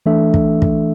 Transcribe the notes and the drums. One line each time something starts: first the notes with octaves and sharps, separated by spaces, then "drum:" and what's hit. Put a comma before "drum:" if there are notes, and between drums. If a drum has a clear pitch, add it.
E3 A3 D4 A4 E5
drum: kick
drum: kick